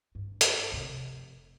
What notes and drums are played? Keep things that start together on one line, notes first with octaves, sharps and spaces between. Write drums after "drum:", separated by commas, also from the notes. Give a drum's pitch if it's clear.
G2
drum: hi-hat
F1 C3